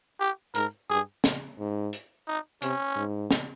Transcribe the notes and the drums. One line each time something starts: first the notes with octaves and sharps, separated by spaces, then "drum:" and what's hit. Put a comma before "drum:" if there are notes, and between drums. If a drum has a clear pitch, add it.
G4
G#2 A#4, drum: hi-hat
G2 G#4
drum: snare
G#2
drum: hi-hat
D#4
C3 C#4, drum: hi-hat
G#2
drum: snare